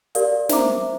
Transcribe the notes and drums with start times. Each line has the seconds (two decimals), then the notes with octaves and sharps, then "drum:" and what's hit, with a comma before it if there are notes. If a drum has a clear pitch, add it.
0.15 G4 A#4 D5 F5, drum: hi-hat
0.49 C5 E5 A#5 D6, drum: snare